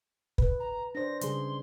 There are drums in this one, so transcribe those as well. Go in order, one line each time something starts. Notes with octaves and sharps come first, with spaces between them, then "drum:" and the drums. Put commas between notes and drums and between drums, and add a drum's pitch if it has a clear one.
B4, drum: kick
A#5
D4 C5 A#6
C#3 G3 G#4 C6, drum: hi-hat